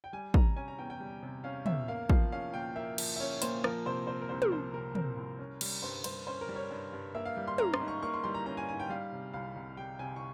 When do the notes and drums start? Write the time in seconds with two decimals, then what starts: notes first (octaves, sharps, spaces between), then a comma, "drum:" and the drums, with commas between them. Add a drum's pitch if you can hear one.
0.04 G5
0.13 G3 G#5
0.34 C3 A#5, drum: kick
0.56 C#4 G#5
0.68 A#5
0.78 E2 G5
0.90 G5
1.00 G3
1.23 C3
1.44 C#4 F5
1.66 E2 E5, drum: tom
1.88 A#3 F5
2.10 F3 F5, drum: kick
2.32 C#4 F5
2.54 A#2 G5
2.76 A#3 E5
2.98 F3, drum: cymbal
3.16 E5
3.20 C#4 C#5
3.42 A#2 C5, drum: hi-hat
3.64 F3 A#4, drum: rim click
3.86 C3 C5
4.07 C4 C5
4.21 A#4
4.29 C2 C5
4.42 A#4, drum: tom
4.52 F3 C5
4.73 C3 A#4
4.95 C4 A#4, drum: tom
5.17 C2
5.39 C#4
5.61 G3, drum: cymbal
5.82 G2 C5
6.04 G2 C5, drum: cymbal
6.27 C#4 C5
6.41 A#4
6.48 G3
6.56 C#5
6.70 G2
6.93 G2
7.14 A#3 E5
7.25 F5
7.37 G3
7.48 C6
7.58 C#4 A#5, drum: tom
7.74 C6, drum: rim click
7.80 G#2
7.88 C#6
8.02 A#3 C#6
8.14 C6
8.24 G3 C6
8.35 A#5
8.46 C#4 A#5
8.57 G#5
8.68 G#2 G#5
8.80 G5
8.89 G3 F5
9.12 C3
9.33 C2 F5
9.56 C2
9.77 G3 G5
9.99 C3 G#5
10.16 C#6